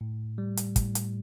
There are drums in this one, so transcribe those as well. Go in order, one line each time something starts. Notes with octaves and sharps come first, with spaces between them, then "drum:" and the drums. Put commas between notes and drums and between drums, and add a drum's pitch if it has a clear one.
A2
G3
drum: hi-hat
A2, drum: kick, hi-hat
drum: hi-hat